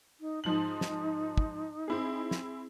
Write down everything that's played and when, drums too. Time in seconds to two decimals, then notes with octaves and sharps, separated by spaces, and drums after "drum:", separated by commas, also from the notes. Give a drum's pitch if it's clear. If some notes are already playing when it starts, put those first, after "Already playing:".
0.21 D#4
0.44 G#2 F3 D#4 F#7
0.81 drum: snare
1.37 drum: kick
1.88 C4 E4 G#4
2.31 drum: snare